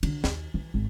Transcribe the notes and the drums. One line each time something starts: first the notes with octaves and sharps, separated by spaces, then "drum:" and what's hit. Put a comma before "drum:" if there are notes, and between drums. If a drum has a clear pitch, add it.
D3, drum: cymbal
D#2, drum: snare
E3
G#1